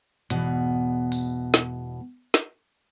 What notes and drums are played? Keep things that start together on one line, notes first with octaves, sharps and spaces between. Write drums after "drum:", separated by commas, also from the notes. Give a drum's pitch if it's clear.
E2 G#2 B2, drum: hi-hat
drum: open hi-hat
drum: snare
drum: snare